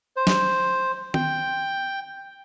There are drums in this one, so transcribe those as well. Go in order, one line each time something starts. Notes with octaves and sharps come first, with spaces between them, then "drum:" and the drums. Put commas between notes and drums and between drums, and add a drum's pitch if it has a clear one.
C5
drum: snare
G5, drum: tom D#3